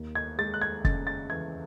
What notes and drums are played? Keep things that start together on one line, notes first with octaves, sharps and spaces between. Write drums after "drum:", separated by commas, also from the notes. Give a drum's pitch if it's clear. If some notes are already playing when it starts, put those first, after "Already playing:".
Already playing: D#2
G#6
G#3 A6
F#6
G#6
C#3 A6, drum: kick
A6
E3 G#6